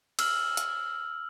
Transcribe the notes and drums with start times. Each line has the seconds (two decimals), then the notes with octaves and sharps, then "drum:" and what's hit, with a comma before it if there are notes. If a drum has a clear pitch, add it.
0.19 E6 F6 F#7, drum: cymbal
0.57 drum: hi-hat